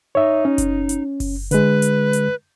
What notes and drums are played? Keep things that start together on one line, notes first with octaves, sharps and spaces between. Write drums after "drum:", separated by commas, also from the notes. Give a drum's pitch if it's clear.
D#4 C#5 E5
C#4
drum: kick F#1, hi-hat
drum: hi-hat
drum: kick F#1, open hi-hat
D3 G#3 B4, drum: hi-hat
drum: hi-hat
drum: hi-hat